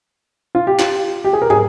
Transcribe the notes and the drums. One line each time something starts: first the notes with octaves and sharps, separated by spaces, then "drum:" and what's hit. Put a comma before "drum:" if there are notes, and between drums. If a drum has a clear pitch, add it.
F4
G4
F4, drum: clap
G4
G#4
A#4
G#4, drum: tom